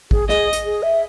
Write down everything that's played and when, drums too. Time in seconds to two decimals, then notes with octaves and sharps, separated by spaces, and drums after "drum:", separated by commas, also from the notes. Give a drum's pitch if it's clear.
0.11 G#4, drum: kick
0.29 G#4 D#5, drum: snare
0.53 drum: hi-hat
0.65 G#4
0.83 E5